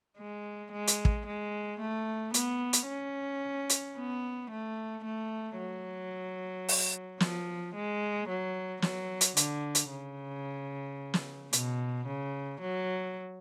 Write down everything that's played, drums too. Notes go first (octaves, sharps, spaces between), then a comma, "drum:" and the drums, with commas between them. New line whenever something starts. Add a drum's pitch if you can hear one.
G#3
G#3
drum: hi-hat
drum: kick
G#3
A3
B3, drum: hi-hat
drum: hi-hat
C#4
drum: hi-hat
B3
A3
A3
F#3
drum: open hi-hat
F3, drum: snare
G#3
F#3
F#3, drum: snare
drum: hi-hat
D3, drum: hi-hat
drum: hi-hat
C#3
drum: snare
B2, drum: hi-hat
C#3
F#3